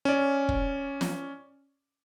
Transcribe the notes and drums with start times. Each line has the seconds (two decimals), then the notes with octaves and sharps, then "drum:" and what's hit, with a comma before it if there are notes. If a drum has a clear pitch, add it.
0.05 C#4 D5
0.49 drum: kick
1.01 drum: snare